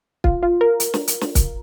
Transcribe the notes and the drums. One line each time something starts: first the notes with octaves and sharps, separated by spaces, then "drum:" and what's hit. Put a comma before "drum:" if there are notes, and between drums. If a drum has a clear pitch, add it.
F4, drum: kick
F4
A#4
drum: hi-hat
drum: snare
drum: hi-hat
drum: snare
drum: kick, hi-hat